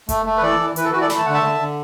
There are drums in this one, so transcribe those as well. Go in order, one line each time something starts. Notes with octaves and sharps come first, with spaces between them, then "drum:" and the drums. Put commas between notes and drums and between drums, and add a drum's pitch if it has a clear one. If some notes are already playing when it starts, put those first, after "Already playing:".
A3, drum: kick F1, hi-hat
A3
B4
E3 A4 D5
E3
E3 B4, drum: hi-hat
A4
E3 F#4 B4
A4 D5
A3 B5, drum: snare
A5
D3 F#5
E5 A5
D3
D3